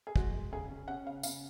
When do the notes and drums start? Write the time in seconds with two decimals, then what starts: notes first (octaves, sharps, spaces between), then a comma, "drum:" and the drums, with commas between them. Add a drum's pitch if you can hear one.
0.07 G#4
0.16 G#3 F#4, drum: kick
0.34 G#3
0.52 C#3 G#4
0.69 C#4
0.88 C#4 F#5
1.05 C#3 F5
1.23 C#3 F5, drum: tambourine